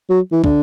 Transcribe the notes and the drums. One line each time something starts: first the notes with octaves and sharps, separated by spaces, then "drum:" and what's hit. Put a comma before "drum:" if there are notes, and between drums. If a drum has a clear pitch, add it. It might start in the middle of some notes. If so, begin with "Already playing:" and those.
F#3
E3
D3, drum: kick